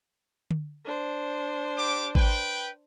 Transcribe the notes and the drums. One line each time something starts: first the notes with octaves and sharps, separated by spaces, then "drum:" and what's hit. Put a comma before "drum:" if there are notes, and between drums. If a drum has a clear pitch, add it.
drum: tom D3
D4 C5
G4 D6
B4 G5, drum: kick G#1